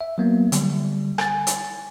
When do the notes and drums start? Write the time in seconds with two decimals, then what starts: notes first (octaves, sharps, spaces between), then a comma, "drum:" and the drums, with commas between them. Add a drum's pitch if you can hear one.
0.01 E5
0.18 F#3 A#3 B3
0.52 D3 G3, drum: hi-hat
1.18 G#5 A6, drum: rim click
1.47 drum: hi-hat